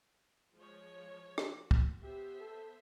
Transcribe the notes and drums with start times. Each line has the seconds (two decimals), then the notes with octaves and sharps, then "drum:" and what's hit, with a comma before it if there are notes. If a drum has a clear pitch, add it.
0.55 F3 G#3 C#5
1.38 drum: rim click
1.49 F#4
1.71 drum: kick
2.03 B3 G4 C5 E5
2.40 A4